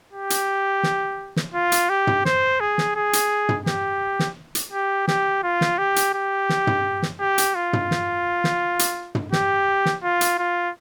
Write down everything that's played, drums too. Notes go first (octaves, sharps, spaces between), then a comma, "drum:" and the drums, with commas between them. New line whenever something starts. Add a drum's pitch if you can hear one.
G4
drum: hi-hat
drum: snare
drum: snare
F4
drum: hi-hat
G4
drum: tom
C5, drum: snare
G#4
drum: snare
G#4
drum: hi-hat
drum: tom
G4, drum: snare
drum: snare
drum: hi-hat
G4
G4, drum: snare
F4
drum: snare
G4
drum: hi-hat
G4
drum: snare
drum: tom
drum: snare
G4
drum: hi-hat
F4
drum: tom
drum: snare
drum: snare
drum: hi-hat
drum: tom
G4, drum: snare
drum: snare
F4
drum: hi-hat
F4